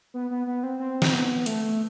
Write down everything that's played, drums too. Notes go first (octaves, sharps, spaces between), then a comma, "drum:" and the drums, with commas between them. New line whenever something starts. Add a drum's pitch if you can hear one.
B3
B3
B3
C4
C4
drum: snare
B3
A3, drum: hi-hat